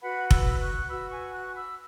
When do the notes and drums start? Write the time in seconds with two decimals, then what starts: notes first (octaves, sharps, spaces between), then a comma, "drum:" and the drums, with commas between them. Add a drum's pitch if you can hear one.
0.02 F#4 B4 F#5 B5
0.31 B5 E6, drum: kick F1
0.60 C#6 F#6
0.89 F#4 B4 B5 E6
1.11 G#5 C#6
1.32 C#6 F#6
1.54 B5 E6